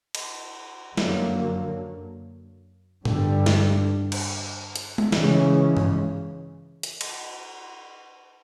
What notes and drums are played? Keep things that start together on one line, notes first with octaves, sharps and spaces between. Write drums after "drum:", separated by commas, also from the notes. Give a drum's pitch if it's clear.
drum: cymbal
F#2 D3 F#3 A#3, drum: snare
G2 D3 G3, drum: tom
drum: snare
drum: cymbal
drum: hi-hat
drum: tom G#3
C#3 E3 G#3 C#4, drum: snare
drum: tom G2
drum: hi-hat
drum: cymbal